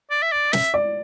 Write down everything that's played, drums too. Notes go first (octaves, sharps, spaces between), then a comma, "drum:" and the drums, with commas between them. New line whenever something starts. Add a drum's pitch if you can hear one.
D5
E5
D5
E5, drum: snare
D5